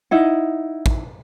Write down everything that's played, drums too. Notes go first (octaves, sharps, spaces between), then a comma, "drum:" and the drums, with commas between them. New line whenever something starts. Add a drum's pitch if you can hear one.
D#4 E4 F#5
drum: kick